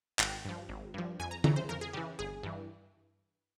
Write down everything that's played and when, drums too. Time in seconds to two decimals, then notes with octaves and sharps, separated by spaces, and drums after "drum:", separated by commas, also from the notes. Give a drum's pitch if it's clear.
0.19 G#1 G5, drum: clap
0.45 G2 F3
0.69 G#1
0.94 G2 F3
1.19 F2 G#5
1.31 A#5
1.44 C#3 E3 A#5, drum: tom D3
1.56 C5
1.69 F2 A#4
1.81 G#4
1.93 C#3 E3 G4
2.19 G1 G#4
2.43 G2 E3